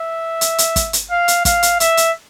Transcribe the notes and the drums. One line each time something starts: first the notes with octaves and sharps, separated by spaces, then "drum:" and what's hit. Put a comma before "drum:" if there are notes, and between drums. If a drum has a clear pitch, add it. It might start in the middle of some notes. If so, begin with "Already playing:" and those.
Already playing: E5
drum: hi-hat
drum: hi-hat
drum: kick, hi-hat
drum: hi-hat
F5
drum: hi-hat
F5, drum: kick, hi-hat
drum: hi-hat
E5, drum: hi-hat
drum: hi-hat